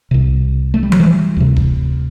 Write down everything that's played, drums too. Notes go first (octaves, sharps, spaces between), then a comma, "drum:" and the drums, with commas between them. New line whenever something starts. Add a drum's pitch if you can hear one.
C2 C3
A3
G3
F#3, drum: tom F3
E3 G3
D2 C3
drum: kick D#1